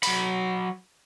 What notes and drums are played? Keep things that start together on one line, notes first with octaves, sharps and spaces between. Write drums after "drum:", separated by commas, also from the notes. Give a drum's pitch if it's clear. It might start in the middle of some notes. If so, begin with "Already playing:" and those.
F#3 B5, drum: open hi-hat